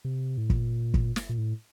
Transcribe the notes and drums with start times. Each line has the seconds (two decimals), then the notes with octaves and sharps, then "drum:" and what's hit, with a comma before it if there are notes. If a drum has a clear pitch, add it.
0.05 C3
0.38 A2
0.50 A#2, drum: kick
0.94 drum: kick
1.16 drum: snare
1.29 A#2
1.38 A2